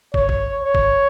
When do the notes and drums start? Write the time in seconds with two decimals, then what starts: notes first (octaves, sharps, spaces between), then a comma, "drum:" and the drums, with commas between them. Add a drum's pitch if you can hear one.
0.14 C#5, drum: kick
0.29 drum: kick
0.64 C#5
0.74 drum: kick